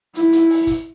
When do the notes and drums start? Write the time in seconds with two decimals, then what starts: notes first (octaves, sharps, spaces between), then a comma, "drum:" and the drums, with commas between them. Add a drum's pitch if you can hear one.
0.15 E4, drum: hi-hat
0.33 drum: hi-hat
0.50 drum: open hi-hat
0.67 drum: kick, hi-hat